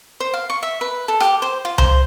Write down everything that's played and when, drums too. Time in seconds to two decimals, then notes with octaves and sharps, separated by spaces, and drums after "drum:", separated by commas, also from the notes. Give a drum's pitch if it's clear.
0.20 C5
0.34 F5
0.50 C#6
0.63 E5
0.81 B4
1.08 A4
1.20 G4, drum: rim click
1.42 C5
1.65 F4
1.78 C5, drum: tom C2